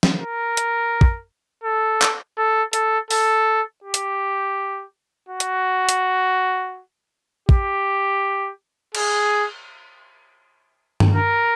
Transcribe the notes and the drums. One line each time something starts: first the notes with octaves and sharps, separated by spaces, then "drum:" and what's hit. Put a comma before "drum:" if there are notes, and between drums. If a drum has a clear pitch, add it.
drum: snare
A#4
drum: hi-hat
drum: kick
A4
drum: clap
A4
A4, drum: hi-hat
A4, drum: open hi-hat
G4
drum: hi-hat
F#4
drum: hi-hat
drum: hi-hat
G4, drum: kick
G#4, drum: cymbal
drum: tom G2
A#4